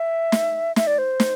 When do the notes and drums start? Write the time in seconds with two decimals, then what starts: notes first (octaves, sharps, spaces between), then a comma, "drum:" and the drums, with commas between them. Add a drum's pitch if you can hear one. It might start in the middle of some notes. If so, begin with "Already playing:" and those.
Already playing: E5
0.32 drum: snare
0.76 E5, drum: snare
0.87 D5
0.98 C5
1.20 drum: snare